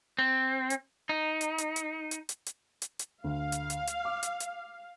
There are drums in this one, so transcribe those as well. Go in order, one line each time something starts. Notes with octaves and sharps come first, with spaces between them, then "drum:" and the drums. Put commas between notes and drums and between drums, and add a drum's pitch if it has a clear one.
C4
drum: hi-hat
D#4
drum: hi-hat
drum: hi-hat
drum: hi-hat
drum: hi-hat
drum: hi-hat
drum: hi-hat
drum: hi-hat
drum: hi-hat
D2 F5
drum: hi-hat
drum: hi-hat
drum: hi-hat
D6
drum: hi-hat
drum: hi-hat